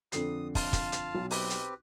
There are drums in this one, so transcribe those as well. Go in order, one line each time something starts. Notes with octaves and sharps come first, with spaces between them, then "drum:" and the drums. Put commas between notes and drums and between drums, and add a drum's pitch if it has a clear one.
F2 D3 D#6 C7, drum: hi-hat
F4 F5 A5, drum: kick, open hi-hat
drum: kick, hi-hat
drum: hi-hat
B1
C4 G4 B4, drum: open hi-hat
drum: hi-hat